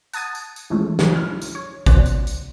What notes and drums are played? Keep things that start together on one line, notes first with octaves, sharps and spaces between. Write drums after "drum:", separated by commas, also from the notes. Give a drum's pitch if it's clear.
F#5 A5 D#6 G#6 A6 D#7, drum: tambourine
drum: tambourine
drum: tambourine
E3 F3 G#3 A3 C#4
drum: snare
E4 F6
drum: tambourine
C#5
B2 C#4 C5 D5 F#6, drum: kick G#1, tambourine
drum: tambourine
drum: tambourine